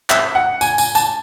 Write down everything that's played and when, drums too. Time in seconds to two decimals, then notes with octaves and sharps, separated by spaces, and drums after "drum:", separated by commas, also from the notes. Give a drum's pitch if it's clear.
0.10 E5, drum: clap
0.35 F#5
0.61 G#5, drum: tambourine
0.78 G#5, drum: tambourine
0.95 A5, drum: tambourine